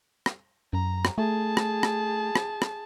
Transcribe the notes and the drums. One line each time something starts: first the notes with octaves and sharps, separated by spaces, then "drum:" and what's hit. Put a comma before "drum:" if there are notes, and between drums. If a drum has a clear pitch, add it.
drum: rim click
F#2 A#5
drum: rim click
A3 G#4 A5
drum: rim click
drum: rim click
drum: rim click
drum: rim click